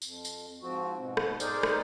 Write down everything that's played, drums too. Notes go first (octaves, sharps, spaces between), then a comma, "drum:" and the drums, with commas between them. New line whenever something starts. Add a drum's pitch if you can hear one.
F2, drum: tambourine
drum: tambourine
G#2 F3 C4 F#4
G#2 B2
drum: rim click
D#4 G#4 A#4 C5 D5, drum: tambourine
drum: rim click